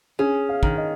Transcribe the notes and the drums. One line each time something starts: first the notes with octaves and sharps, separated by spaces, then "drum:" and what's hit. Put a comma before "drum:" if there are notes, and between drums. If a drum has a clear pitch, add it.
C#4 G#4
F5
D#3, drum: kick
D#5